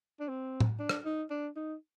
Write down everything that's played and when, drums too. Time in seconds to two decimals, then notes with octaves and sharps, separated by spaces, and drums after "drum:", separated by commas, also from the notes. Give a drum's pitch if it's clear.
0.20 D4
0.29 C4
0.60 drum: tom
0.80 D4
0.89 drum: rim click
1.05 D#4
1.30 D4
1.56 D#4